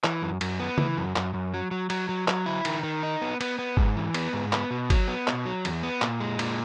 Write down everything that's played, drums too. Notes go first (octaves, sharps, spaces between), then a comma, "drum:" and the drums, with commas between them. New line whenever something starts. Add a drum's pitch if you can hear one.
E3, drum: clap
F#2
F#2, drum: cymbal
B3
E3, drum: tom C#3
F#2
F#2, drum: clap
F#2
F#3
F#3
F#3, drum: cymbal
F#3
F#3, drum: clap
E4
D#3, drum: cymbal
D#3
D#4
B3
B3, drum: cymbal
B3
G#2, drum: kick G1
E3
B3, drum: cymbal
G#2
B3, drum: clap
B2
F#3, drum: kick G1, cymbal
B3
B2, drum: clap
F#3
E2, drum: cymbal
B3
A#2, drum: clap
G#3
A#2, drum: cymbal